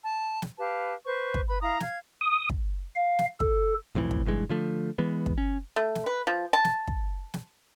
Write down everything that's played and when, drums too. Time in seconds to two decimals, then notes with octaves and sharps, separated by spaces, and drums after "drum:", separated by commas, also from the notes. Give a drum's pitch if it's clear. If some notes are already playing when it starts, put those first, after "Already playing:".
0.03 A5
0.42 drum: snare
0.58 G4 B4 F5 A5
1.05 B4 C5 C#6
1.34 drum: kick
1.47 B4 B5
1.61 E4 F5 A#5 D#6
1.80 F5 G#6, drum: snare
2.21 D#6
2.49 drum: kick
2.96 F5
3.19 drum: snare
3.40 A4, drum: kick
3.95 B1 F2 A2 E3
4.11 drum: kick
4.26 B1 G2 E3 G#3
4.49 D3 F3 A3
4.98 E3 G#3 B3
5.26 drum: kick
5.38 C#4
5.76 A3
5.95 drum: snare
6.06 B4
6.27 F3
6.53 A5
6.64 drum: snare
6.88 drum: kick
7.34 drum: snare